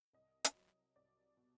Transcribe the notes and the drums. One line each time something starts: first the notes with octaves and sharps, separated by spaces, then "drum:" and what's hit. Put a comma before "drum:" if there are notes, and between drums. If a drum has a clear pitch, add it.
C2 D#5
drum: hi-hat
F#3
C2 D5
B2